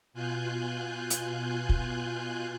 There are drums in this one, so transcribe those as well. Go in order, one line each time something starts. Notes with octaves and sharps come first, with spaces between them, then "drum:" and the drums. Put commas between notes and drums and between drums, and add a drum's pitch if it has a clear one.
B2 F4 G#5 F#6 G6
drum: hi-hat
drum: kick